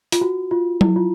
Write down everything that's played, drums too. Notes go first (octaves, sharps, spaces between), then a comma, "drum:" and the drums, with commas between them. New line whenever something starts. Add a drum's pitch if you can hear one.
F4, drum: hi-hat
F#4
F4
E4, drum: tom F#3
F4